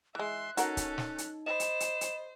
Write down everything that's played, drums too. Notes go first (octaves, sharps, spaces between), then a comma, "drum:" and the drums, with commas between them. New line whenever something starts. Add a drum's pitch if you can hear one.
E3 G#3 E5 C6 F#6
C#4 D#4 F#4 A4 A#4 F#5, drum: hi-hat
drum: kick C#1, hi-hat
drum: snare
drum: hi-hat
C5 D#5 B5 E7
drum: hi-hat
drum: hi-hat
drum: hi-hat